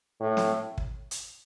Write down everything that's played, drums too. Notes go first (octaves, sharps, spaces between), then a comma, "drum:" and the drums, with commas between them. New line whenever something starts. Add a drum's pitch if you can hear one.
A2
drum: snare
drum: kick
drum: hi-hat